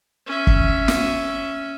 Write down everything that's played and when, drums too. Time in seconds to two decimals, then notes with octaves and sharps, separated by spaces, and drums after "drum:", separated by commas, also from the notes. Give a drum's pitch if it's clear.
0.26 C#4 E5
0.47 drum: kick
0.88 drum: snare